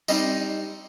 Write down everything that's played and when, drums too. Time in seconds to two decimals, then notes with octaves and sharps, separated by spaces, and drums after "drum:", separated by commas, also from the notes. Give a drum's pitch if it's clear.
0.08 G3 C4 D#4 D#5, drum: tambourine